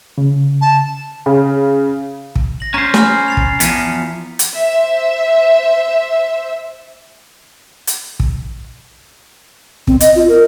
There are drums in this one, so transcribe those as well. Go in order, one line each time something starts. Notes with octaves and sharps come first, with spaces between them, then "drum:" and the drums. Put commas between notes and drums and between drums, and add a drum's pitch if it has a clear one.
C#3
A5
C#3
drum: kick
A#6 F#7
C#4 C5 A#5
G#5 B5 F6, drum: snare
A6 C7 F7
drum: kick
E2 F3 B6 C#7, drum: hi-hat
drum: hi-hat
C5 E5
drum: hi-hat
drum: kick
C4, drum: kick
D#5, drum: hi-hat
F4
A#4